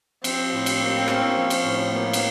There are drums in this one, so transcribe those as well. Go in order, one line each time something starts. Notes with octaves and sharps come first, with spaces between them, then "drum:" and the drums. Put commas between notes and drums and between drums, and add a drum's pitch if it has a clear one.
F3 C4, drum: cymbal
A2
drum: cymbal
A#3
C#4, drum: rim click
F3
drum: cymbal
A2
A#3 B3
drum: cymbal